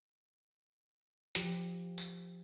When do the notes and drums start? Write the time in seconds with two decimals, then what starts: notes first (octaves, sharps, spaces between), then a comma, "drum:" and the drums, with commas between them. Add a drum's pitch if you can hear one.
1.35 F3 G4, drum: hi-hat
1.98 drum: tambourine